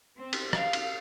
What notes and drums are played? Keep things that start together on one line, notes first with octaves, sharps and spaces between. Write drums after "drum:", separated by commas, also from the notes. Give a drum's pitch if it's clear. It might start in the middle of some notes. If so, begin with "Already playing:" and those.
C4
drum: cymbal
F5, drum: rim click
drum: cymbal